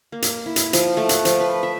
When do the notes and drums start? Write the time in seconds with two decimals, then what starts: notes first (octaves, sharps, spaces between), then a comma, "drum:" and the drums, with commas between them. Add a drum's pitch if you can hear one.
0.12 A#3
0.22 drum: hi-hat
0.46 E4
0.56 drum: hi-hat
0.73 F3, drum: hi-hat
0.97 A3
1.09 F#5, drum: hi-hat
1.25 F3, drum: hi-hat
1.40 B4
1.63 E5